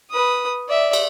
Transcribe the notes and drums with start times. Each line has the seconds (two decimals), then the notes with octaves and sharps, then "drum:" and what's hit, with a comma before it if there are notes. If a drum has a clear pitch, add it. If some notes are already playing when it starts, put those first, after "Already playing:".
0.11 B4 D#6
0.68 D5 E5
0.93 drum: cymbal